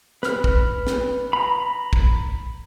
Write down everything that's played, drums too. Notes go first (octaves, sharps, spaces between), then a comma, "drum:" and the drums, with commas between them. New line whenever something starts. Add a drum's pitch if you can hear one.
B4 F6, drum: snare
drum: kick
drum: snare
A#5 B5
drum: kick